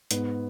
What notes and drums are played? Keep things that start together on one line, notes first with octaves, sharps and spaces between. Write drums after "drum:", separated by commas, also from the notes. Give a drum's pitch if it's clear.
G#2 B3, drum: hi-hat